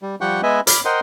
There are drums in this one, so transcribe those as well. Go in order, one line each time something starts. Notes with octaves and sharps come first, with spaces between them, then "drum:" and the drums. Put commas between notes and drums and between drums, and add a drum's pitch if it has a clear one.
G3
F3 G3 G4 F#5 G5 C#6
G#3 B3 B4 D#5 E5 G#5
B5 D6 F6, drum: hi-hat
A#4 C5 D#5 F#5 G5 C6